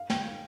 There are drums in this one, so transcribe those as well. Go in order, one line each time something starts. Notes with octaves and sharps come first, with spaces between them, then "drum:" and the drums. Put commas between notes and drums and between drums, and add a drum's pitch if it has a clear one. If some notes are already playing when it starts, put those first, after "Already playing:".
Already playing: F5
G5, drum: snare